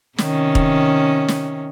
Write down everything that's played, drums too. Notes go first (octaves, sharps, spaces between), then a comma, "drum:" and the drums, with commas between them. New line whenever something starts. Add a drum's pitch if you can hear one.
C3 D#3 C#4, drum: snare
drum: kick
drum: snare